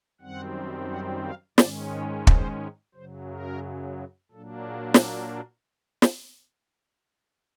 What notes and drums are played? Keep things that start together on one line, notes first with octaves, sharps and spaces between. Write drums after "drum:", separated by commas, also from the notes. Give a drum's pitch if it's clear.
F#2 D#3 G3 C4 F#5
F#5
F5
G#2 D#3 G#3 C#4 D5, drum: snare
C#5
C5, drum: kick
F#2 C#3 F#3 C5
A#4
A#2 F#3 A#3 D4 A4
G#4
drum: snare
drum: snare